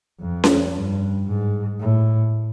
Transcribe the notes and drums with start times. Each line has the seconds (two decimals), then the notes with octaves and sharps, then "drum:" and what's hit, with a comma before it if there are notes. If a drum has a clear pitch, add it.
0.21 F2
0.44 drum: snare C#4
0.74 G2
1.28 G#2
1.80 A2